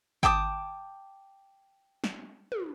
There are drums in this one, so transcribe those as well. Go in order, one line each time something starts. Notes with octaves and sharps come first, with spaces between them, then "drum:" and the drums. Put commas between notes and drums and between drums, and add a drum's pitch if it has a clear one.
G5 A5 D6 D#6, drum: kick G#1
drum: snare
drum: tom